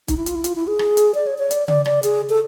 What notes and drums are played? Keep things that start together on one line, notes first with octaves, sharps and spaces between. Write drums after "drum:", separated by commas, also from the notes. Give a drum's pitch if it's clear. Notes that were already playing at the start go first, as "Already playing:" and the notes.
D#4, drum: kick, hi-hat
E4
F4, drum: hi-hat
E4
F4, drum: hi-hat
E4
G#4
drum: rim click
drum: hi-hat
D5
C#5
C#5
D5, drum: hi-hat
D5, drum: tom C#3
D5, drum: rim click
G#4, drum: hi-hat
A4